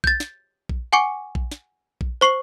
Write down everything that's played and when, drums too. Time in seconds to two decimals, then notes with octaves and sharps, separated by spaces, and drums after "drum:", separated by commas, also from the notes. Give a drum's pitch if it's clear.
0.04 G6 A6, drum: kick A#1
0.20 drum: snare
0.69 drum: kick A#1
0.93 F#5 G#5 C#6 D6 C#7
1.35 drum: kick A#1
1.52 drum: snare
2.01 drum: kick A#1
2.21 C5 C#6 C7 F#7